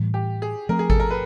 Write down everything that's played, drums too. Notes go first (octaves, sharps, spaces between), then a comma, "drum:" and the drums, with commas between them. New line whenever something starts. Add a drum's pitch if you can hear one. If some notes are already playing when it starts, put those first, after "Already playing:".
Already playing: A2 E3 G3
G4
G#4
F3 A3 C4 A#4
G#4
A4, drum: kick G#1
A#4
B4